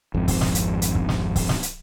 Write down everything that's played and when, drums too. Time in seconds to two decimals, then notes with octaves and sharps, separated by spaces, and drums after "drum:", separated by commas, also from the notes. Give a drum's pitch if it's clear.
0.14 G#1 F2
0.28 drum: kick C#1, open hi-hat
0.41 drum: snare
0.55 drum: hi-hat
0.82 drum: hi-hat
0.95 drum: kick C#1
1.09 drum: snare
1.36 drum: kick C#1, open hi-hat
1.49 drum: snare
1.63 drum: hi-hat